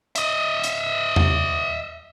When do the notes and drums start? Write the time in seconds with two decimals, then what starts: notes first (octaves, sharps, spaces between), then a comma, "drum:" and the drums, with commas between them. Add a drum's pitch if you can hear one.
0.16 D#5 E5, drum: hi-hat
0.64 drum: hi-hat
1.16 drum: tom E2